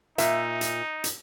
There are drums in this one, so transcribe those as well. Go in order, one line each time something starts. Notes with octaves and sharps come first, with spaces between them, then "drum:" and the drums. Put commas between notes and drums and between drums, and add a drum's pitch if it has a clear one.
A#2 D#4 E5, drum: hi-hat
drum: hi-hat
drum: hi-hat